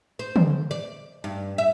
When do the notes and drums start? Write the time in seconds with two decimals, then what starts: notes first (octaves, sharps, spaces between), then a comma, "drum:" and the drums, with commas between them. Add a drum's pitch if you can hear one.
0.19 C5
0.36 drum: tom
0.71 D5
1.24 G2
1.58 E5